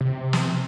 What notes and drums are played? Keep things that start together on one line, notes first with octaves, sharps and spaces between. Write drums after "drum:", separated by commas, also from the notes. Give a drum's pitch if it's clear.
C3
drum: snare